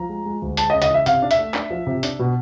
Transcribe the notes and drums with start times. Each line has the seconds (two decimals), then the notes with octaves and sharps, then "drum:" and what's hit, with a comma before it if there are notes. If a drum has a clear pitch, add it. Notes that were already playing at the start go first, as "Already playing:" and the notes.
Already playing: F3 A#5
0.09 G#3
0.25 G#3
0.42 D2
0.57 G#3 A5, drum: hi-hat
0.70 D#5
0.74 C#3
0.82 D#5, drum: hi-hat
0.91 E3 E5
1.06 C3 F5, drum: hi-hat
1.22 D4
1.31 E5, drum: hi-hat
1.39 A3
1.54 D4, drum: clap
1.71 F3
1.87 C3
2.03 D4, drum: hi-hat
2.19 B2